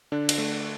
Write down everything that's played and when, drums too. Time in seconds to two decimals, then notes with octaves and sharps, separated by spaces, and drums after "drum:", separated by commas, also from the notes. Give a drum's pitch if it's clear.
0.12 D3 D4
0.29 drum: cymbal
0.38 A3